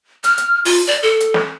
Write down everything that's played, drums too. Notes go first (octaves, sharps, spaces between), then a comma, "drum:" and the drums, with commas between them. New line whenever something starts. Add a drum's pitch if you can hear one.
F6, drum: hi-hat
drum: hi-hat
F4, drum: open hi-hat
D5
A4
drum: hi-hat
drum: snare